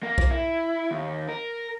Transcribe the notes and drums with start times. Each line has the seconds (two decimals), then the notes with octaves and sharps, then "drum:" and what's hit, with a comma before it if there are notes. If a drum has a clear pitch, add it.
0.03 A#3
0.18 drum: kick B1
0.31 E4
0.91 D#2
1.29 A#4